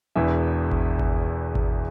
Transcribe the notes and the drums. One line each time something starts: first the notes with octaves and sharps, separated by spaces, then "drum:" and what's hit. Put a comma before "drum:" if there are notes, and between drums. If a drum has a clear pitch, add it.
E1 E2 E3 E5
drum: kick G#1
drum: kick G#1
drum: kick G#1